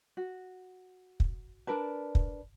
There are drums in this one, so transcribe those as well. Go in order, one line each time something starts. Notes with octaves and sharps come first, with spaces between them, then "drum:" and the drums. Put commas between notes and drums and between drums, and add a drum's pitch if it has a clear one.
F#4
drum: kick
D4 A#4 B4 A5
drum: kick